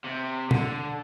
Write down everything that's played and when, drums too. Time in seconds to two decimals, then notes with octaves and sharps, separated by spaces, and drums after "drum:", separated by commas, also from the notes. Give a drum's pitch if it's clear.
0.05 C3
0.51 D3, drum: tom